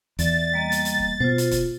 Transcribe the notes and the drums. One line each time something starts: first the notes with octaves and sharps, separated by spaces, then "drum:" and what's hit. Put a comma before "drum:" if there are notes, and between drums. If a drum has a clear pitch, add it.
E2 D5 E5 A6, drum: hi-hat
G3 A#3 D#5
drum: hi-hat
drum: hi-hat
drum: kick
B2 F4 C5
drum: hi-hat
drum: kick, hi-hat